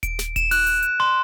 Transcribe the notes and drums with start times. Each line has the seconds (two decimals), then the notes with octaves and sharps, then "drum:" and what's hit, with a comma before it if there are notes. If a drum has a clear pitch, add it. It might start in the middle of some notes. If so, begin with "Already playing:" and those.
0.03 D7, drum: kick D#1, hi-hat
0.19 drum: snare
0.36 E7, drum: kick D#1, hi-hat
0.51 F#6, drum: open hi-hat
0.67 drum: hi-hat
0.82 drum: hi-hat
1.00 C6